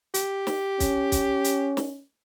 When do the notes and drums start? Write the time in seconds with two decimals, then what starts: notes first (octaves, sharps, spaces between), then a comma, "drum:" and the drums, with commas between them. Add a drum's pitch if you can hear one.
0.14 G4, drum: hi-hat
0.47 drum: snare
0.80 C#4, drum: kick, hi-hat
1.12 drum: kick, hi-hat
1.44 drum: hi-hat
1.77 drum: snare